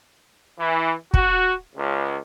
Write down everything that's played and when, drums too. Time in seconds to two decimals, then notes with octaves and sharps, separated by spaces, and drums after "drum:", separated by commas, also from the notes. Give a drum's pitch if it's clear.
0.59 E3
1.14 F#4, drum: kick
1.76 C#2